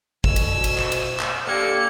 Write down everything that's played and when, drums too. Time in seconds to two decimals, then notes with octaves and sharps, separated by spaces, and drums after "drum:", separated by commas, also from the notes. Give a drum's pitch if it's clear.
0.24 D2 B2 G#5 E6, drum: kick
0.36 drum: cymbal
0.64 drum: cymbal
0.78 drum: clap
0.92 drum: cymbal
1.20 drum: clap
1.47 A#3 D4 G4 A4 C#7